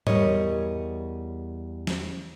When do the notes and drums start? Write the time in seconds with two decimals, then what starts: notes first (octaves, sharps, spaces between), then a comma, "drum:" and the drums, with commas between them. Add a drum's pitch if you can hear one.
0.07 E2 G3 A#4 C#5 D#5, drum: tom G#2
1.87 drum: snare